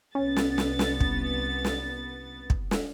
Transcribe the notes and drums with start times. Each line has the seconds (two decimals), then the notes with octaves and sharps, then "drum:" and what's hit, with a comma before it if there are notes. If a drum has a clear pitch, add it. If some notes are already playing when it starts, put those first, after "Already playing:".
0.15 C2 B3 C#4 A6
0.36 drum: snare
0.58 drum: snare
0.79 drum: snare
1.00 drum: kick
1.65 drum: snare
2.50 drum: kick
2.71 drum: snare